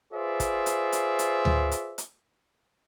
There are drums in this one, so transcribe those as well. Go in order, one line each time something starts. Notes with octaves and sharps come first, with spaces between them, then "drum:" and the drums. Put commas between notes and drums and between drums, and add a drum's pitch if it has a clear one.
F4 G#4 B4 C5 D5 E5
drum: kick, hi-hat
drum: hi-hat
drum: hi-hat
drum: hi-hat
drum: tom D2
drum: hi-hat
drum: hi-hat